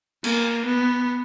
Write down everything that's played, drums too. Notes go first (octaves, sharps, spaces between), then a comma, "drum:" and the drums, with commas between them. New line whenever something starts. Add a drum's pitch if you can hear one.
A#3, drum: cymbal
B3